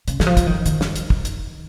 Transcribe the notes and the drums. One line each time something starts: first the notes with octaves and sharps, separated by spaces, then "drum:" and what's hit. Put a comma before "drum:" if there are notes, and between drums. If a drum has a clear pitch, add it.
C#3, drum: hi-hat
D#3, drum: snare
F3
drum: kick, hi-hat
D#3
D#3, drum: hi-hat
drum: snare
drum: hi-hat
drum: kick
drum: hi-hat